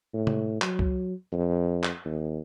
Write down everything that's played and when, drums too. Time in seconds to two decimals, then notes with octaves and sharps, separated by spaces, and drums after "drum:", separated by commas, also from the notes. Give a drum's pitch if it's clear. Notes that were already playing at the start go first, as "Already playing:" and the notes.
0.14 A2
0.27 drum: tom C3
0.62 F#3, drum: clap
0.79 drum: kick
1.33 F2
1.83 drum: clap
2.06 D#2